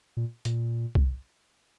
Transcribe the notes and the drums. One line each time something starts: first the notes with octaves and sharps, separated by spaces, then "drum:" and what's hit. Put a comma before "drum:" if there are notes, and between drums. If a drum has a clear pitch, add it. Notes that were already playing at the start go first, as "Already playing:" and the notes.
A#2
A#2, drum: hi-hat
drum: kick C2